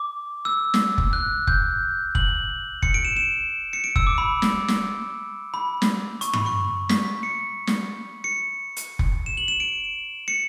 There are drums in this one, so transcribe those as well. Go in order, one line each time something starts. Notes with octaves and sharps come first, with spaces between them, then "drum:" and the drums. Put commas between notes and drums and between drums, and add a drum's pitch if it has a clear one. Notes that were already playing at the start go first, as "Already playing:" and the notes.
Already playing: D6
E6
drum: snare
drum: kick F1
F#6
G6, drum: kick F1
F#7, drum: kick F1
C#7, drum: kick F1
D7
E7
E7
C#7
D7
E6, drum: kick F1
D6
B5
drum: snare
drum: snare
B5
drum: snare
C#6, drum: hi-hat
B5, drum: tom G2
C#6
B6, drum: snare
C#7
drum: snare
C#7
drum: hi-hat
drum: kick F1
E7
F#7
E7
D7
C#7